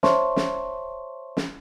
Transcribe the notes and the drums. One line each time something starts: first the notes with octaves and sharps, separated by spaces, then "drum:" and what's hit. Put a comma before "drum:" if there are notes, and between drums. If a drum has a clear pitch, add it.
C5 C#5 E5 A5 C6 C#6, drum: snare
drum: snare
drum: snare